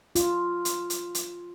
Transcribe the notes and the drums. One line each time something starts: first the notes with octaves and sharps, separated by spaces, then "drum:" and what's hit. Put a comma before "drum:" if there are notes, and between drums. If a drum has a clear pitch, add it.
F4, drum: hi-hat
drum: hi-hat
drum: hi-hat
drum: hi-hat